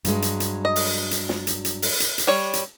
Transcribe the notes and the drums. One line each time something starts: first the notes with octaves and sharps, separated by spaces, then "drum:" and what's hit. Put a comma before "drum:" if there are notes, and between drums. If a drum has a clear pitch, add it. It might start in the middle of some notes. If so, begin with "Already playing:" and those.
G2 F#3 G#3, drum: hi-hat
drum: hi-hat
drum: hi-hat
D#5
drum: open hi-hat
drum: hi-hat
drum: snare
drum: hi-hat
drum: hi-hat
drum: open hi-hat
drum: hi-hat
drum: hi-hat
G3 C#5
drum: hi-hat